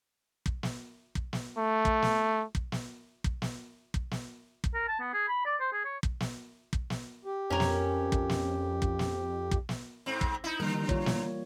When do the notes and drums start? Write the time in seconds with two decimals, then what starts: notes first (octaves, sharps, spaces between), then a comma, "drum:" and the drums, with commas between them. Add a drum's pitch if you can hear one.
0.46 drum: kick
0.63 drum: snare
1.15 drum: kick
1.33 drum: snare
1.57 A3
1.85 drum: kick
2.02 drum: snare
2.55 drum: kick
2.72 drum: snare
3.24 drum: kick
3.42 drum: snare
3.94 drum: kick
4.11 drum: snare
4.64 drum: kick
4.74 A#4
4.88 A5
5.00 B3
5.13 G#4
5.28 B5
5.45 D5
5.60 C5
5.73 G#4
5.85 C#5
6.03 drum: kick
6.20 drum: snare
6.73 drum: kick
6.90 drum: snare
7.25 G4
7.50 F2 C#4 A#4
7.60 drum: snare
8.12 drum: kick
8.29 drum: snare
8.82 drum: kick
8.99 drum: snare
9.51 drum: kick
9.69 drum: snare
10.06 G#2 C4
10.21 drum: kick
10.44 D#4 E4
10.60 D3 E3 G3 A#3 A#4
10.89 F4 C#5, drum: kick
11.06 A#3, drum: snare